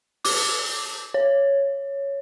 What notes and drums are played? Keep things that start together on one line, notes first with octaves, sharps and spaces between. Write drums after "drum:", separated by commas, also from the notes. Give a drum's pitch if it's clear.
D6, drum: open hi-hat
C#5